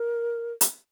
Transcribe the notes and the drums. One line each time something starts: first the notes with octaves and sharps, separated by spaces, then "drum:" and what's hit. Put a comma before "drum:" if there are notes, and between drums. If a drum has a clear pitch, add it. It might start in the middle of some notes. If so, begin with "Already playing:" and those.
Already playing: A#4
drum: hi-hat